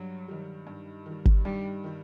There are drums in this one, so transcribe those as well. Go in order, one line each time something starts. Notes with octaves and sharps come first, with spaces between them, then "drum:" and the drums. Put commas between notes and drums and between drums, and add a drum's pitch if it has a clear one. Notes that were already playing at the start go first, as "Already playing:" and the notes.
Already playing: G2 F#3
D#3 G3
G2
D#3 G3
drum: kick G#1
G2 G3
D#3 G3